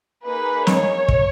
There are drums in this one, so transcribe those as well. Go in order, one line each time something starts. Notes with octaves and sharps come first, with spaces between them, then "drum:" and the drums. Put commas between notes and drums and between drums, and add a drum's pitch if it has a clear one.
A#3 D#4 G#4 B4
C#5, drum: snare
drum: kick